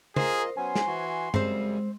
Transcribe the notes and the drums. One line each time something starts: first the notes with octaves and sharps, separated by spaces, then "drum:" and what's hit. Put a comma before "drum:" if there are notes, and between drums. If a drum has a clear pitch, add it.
F4 G#4 A#4 C5 D#5, drum: tom
F#3 B3 C#4 G#5 C6
drum: snare
E3 F#4
F#2 C#3 G3 G#3 C4 C5, drum: tom